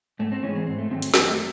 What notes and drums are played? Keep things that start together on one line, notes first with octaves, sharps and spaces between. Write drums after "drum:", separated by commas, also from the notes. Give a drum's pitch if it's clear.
G#2 A3
C4
E3 G#3 C#4
C4
G#2 C4
A3
D#3 F#3 A3 C4
C4, drum: hi-hat
F#2 C4, drum: snare
A3